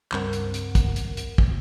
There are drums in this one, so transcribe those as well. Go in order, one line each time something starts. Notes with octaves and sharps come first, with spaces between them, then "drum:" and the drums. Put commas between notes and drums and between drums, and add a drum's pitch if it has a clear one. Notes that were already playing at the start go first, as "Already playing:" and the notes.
C#2 G2 C4 A#4 F#5, drum: clap
drum: hi-hat
drum: hi-hat
drum: kick, hi-hat
drum: hi-hat
drum: hi-hat
drum: kick